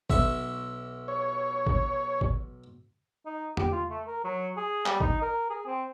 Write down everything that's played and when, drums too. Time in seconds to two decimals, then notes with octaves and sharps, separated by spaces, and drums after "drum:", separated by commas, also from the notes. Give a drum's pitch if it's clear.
0.10 B1 E5 C#6, drum: kick
1.08 C#5
1.67 drum: kick
2.21 drum: kick
3.26 D#4
3.57 G4, drum: tom E2
3.72 F4
3.90 A3
4.07 A#4
4.24 F#3
4.57 G#4
4.86 G3, drum: clap
5.00 D#4, drum: kick
5.22 A#4
5.50 G#4
5.66 C4